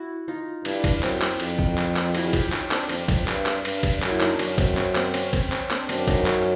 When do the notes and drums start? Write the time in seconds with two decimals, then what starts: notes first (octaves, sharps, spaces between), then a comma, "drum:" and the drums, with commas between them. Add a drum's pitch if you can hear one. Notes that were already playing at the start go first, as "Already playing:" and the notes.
Already playing: E4 F#4
0.28 D#4 F4
0.65 G2 D4 E4, drum: cymbal
0.84 drum: kick, cymbal
1.03 F#2 C4, drum: clap
1.21 drum: clap
1.40 F2, drum: cymbal
1.59 drum: kick
1.77 drum: clap
1.96 drum: clap
2.14 E4 F#4, drum: cymbal
2.25 G#4
2.33 F4 G4, drum: kick, cymbal
2.52 C#4 D#4, drum: clap
2.71 C4 D4, drum: clap
2.89 F2 C4 D4, drum: cymbal
3.08 drum: kick, cymbal
3.28 G2, drum: clap
3.46 drum: clap
3.65 G2, drum: cymbal
3.83 drum: kick, cymbal
4.02 F#2, drum: clap
4.11 E4
4.20 D#4, drum: clap
4.30 D4
4.39 F#2 C#4, drum: cymbal
4.58 C4, drum: kick, cymbal
4.77 C#4, drum: clap
4.95 C4, drum: clap
5.14 C#4, drum: cymbal
5.33 C4, drum: kick, cymbal
5.52 C#4, drum: clap
5.70 C4 D4, drum: clap
5.89 F#2 C4 D4, drum: cymbal
6.07 C#4 D#4, drum: kick, cymbal
6.26 C#4, drum: clap